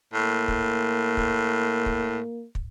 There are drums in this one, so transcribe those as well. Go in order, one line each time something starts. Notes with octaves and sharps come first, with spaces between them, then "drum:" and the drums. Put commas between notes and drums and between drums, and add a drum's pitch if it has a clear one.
A2 A#3
drum: kick
drum: kick
drum: kick
drum: kick